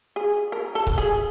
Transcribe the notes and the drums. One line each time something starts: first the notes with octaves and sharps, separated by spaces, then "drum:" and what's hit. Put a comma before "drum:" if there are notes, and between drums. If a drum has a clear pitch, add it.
G#4
A#4
A4
drum: kick
G#4